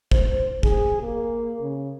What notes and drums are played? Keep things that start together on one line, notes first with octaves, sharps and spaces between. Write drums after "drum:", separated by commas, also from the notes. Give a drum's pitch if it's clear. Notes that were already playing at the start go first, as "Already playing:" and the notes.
C5, drum: kick
G#4, drum: kick
A#3
C#3